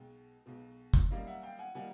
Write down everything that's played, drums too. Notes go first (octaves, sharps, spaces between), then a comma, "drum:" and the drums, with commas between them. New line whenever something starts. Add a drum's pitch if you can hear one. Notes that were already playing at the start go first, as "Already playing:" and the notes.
Already playing: B1 B2 G#3 G5
B1 B2 G#3
drum: kick
F#2 D#3 G3 A#3 D#4 D#5 F5
E5 F#5
F5 G5
F#5 G#5
D#3 G3 A#3 D#4 F#5 G#5